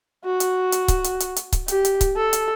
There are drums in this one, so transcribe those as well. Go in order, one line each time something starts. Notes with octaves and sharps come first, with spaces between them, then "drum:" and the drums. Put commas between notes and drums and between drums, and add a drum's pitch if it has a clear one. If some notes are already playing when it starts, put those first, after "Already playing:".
F#4
drum: hi-hat
drum: hi-hat
drum: kick C#1, hi-hat
drum: hi-hat
drum: hi-hat
drum: hi-hat
drum: kick C#1, hi-hat
G4, drum: hi-hat
drum: hi-hat
drum: kick C#1, hi-hat
A4
drum: hi-hat